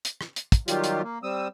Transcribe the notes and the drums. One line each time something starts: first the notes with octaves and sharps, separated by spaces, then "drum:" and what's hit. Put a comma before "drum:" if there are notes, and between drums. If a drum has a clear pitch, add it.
drum: hi-hat
drum: rim click
drum: hi-hat
drum: kick, hi-hat
D#3 F#3 G3 F4 G4, drum: hi-hat
drum: hi-hat
A#3
G3 C4 D#6 E6